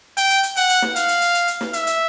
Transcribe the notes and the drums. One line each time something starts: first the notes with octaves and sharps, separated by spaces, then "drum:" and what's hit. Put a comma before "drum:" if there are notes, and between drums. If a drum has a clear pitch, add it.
G5, drum: hi-hat
drum: hi-hat
drum: hi-hat
F#5, drum: hi-hat
drum: hi-hat
drum: snare
F5, drum: hi-hat
drum: hi-hat
drum: hi-hat
drum: hi-hat
drum: hi-hat
drum: snare
E5, drum: hi-hat
drum: hi-hat